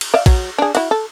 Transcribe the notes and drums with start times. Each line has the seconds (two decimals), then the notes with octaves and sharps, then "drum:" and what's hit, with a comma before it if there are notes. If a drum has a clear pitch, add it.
0.01 drum: cymbal
0.14 D5 E5 F5
0.26 F#3, drum: kick A#1, cymbal
0.58 D4 G#4
0.75 E4 F#4, drum: cymbal
0.91 A4